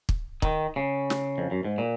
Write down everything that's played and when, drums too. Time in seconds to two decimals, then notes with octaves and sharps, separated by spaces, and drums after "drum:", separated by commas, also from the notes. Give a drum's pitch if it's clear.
0.09 drum: kick
0.42 D#3, drum: kick
0.76 C#3
1.10 drum: snare
1.38 F2
1.51 F#2
1.65 G#2
1.78 A#2